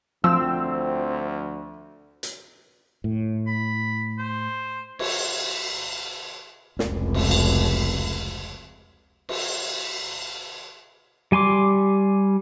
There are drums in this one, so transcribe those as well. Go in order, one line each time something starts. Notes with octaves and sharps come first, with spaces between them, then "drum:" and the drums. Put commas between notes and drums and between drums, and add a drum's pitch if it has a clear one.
D2 F3 C4 E6
drum: hi-hat
A2
B5
C5
C#5, drum: cymbal
F1 C#2, drum: snare
drum: cymbal
drum: cymbal
drum: cymbal
G3 G#5 C6 D6